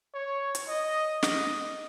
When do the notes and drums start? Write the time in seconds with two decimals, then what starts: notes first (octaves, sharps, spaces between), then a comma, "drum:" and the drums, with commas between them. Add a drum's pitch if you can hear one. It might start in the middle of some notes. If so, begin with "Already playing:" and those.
0.14 C#5
0.55 drum: hi-hat
0.68 D#5
1.23 D#5, drum: snare